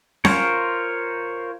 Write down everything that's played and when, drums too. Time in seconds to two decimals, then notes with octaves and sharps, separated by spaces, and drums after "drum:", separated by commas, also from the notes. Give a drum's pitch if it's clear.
0.25 F4 A#4 C5 C#5, drum: snare C#4